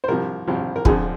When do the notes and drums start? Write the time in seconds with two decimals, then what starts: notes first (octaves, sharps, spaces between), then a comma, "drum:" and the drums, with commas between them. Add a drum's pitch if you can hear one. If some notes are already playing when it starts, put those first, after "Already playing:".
0.04 C5
0.08 C2 C3 F3 A#4
0.47 C2 C3 F3
0.76 A#4
0.85 F2 D3 F3 G#4, drum: kick